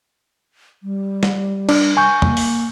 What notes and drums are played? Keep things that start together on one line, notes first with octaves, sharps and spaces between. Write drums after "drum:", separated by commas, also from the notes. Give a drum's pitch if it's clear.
G3
drum: snare
D4, drum: cymbal
G#5 C#6 G6
A#3, drum: tom E2
drum: open hi-hat